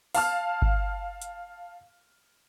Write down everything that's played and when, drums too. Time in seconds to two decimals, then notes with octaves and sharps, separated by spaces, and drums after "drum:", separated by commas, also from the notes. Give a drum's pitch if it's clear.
0.15 F5 A5 F6, drum: open hi-hat
0.62 drum: kick G1
1.22 drum: hi-hat